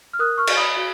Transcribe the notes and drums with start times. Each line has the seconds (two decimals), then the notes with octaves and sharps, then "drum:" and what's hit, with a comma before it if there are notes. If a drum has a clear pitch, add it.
0.13 F6
0.19 A#4 D#6 F#6
0.38 C#6 F6
0.47 F#4, drum: cymbal
0.57 B5 D#6
0.77 F#4